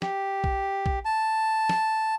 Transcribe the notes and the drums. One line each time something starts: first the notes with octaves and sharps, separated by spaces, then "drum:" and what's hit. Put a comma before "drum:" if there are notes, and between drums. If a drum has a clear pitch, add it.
G4, drum: snare
drum: kick
drum: kick
A5
drum: snare